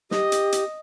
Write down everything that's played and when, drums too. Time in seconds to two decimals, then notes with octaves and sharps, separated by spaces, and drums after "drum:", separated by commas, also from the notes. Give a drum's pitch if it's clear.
0.11 G4 D#5, drum: snare
0.32 drum: hi-hat
0.52 drum: hi-hat